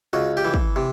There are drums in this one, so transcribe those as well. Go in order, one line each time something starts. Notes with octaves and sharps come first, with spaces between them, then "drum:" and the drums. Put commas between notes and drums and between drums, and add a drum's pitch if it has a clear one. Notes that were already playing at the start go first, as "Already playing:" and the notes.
C#2 F#4
G4
E3
drum: kick
C3